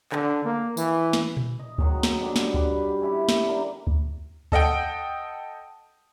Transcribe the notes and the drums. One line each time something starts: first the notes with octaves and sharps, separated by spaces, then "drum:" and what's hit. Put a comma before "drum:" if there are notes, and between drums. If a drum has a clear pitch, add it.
D3, drum: clap
A#3
E3, drum: tambourine
drum: snare
drum: tom A#2
D#5
D#3 F#3 G#3, drum: kick D2
drum: snare
B2 D3 G3
drum: snare
G3 G4 B4, drum: kick D2
C#4 E4 G4
drum: snare
D3 A#4
drum: kick D2
A4 D#5 F#5 G5, drum: kick D2